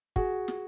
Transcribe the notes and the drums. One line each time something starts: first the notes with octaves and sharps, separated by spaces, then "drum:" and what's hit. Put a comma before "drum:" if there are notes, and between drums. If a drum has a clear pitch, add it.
F#4 G#4, drum: kick
drum: snare